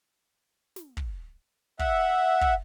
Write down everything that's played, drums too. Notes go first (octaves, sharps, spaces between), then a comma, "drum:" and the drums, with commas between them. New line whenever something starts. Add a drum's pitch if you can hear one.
drum: snare
drum: kick
E5 F#5, drum: kick
drum: kick